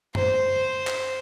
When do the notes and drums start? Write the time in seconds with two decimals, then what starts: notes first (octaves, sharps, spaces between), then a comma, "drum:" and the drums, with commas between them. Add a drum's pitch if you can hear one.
0.15 C5, drum: tom F#2
0.87 drum: clap